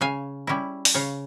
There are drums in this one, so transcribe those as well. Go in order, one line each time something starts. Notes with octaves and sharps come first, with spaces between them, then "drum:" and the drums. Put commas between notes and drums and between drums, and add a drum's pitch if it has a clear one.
C#3 F5 G#5
G3 C#4 E4
drum: open hi-hat
C#3 C#5 F5